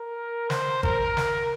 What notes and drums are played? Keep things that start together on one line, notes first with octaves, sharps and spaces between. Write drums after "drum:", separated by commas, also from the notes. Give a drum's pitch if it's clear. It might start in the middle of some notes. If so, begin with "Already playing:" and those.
Already playing: A#4
C5, drum: snare
A#4, drum: kick G#1
drum: snare